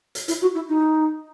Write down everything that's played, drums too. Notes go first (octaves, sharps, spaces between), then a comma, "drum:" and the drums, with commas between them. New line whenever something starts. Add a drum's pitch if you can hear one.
drum: hi-hat
E4, drum: hi-hat
F#4
E4
D#4